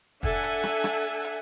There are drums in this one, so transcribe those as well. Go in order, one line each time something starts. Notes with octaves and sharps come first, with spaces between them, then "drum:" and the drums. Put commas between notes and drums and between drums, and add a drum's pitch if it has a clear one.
D4 A4 E5 F#5 G#5, drum: kick
drum: hi-hat
drum: rim click
drum: rim click
drum: hi-hat